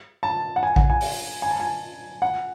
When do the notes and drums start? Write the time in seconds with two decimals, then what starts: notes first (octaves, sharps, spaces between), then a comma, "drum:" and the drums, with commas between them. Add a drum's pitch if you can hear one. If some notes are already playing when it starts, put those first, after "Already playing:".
0.23 A5
0.56 F#5
0.63 G#5
0.76 F#5, drum: kick A#1
0.90 G#5
1.01 drum: open hi-hat
1.42 G#5
1.51 A5
1.60 G#5
2.22 F#5